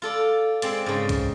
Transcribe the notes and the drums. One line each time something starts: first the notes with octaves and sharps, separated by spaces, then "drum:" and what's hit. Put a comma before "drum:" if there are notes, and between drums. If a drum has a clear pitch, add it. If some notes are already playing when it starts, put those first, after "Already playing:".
F4 A4 D5
G#3 C4 D5, drum: hi-hat
G#2 C#3
drum: kick B1, hi-hat